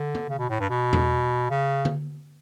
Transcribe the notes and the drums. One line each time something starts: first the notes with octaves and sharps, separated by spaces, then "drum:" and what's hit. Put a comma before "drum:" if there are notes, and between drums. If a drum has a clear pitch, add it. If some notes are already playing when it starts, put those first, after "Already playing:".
Already playing: D3
drum: tom D3
C#3
B2
A2
G2
B2
drum: tom E2
C#3
drum: tom D3